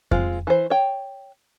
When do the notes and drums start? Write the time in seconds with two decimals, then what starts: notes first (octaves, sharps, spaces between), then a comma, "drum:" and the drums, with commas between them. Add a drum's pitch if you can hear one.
0.11 G#3 C4 F4, drum: kick F2
0.47 E3 C5
0.70 C#5 G5